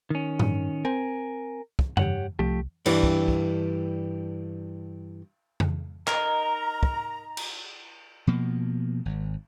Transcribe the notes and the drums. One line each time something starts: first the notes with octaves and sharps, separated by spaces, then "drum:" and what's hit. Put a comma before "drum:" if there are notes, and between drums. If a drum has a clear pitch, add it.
D#3 C#4
G2, drum: tom A2
C4 A#4 G#5
drum: kick
G2 G4 C#5 F#5, drum: tom F2
C2 F3 A3 G4
G2 E3 D4, drum: cymbal
drum: kick
drum: kick
drum: tom F2
D#4 A#4 A#5, drum: clap
drum: kick
drum: cymbal
B2 F3 A#3
G#1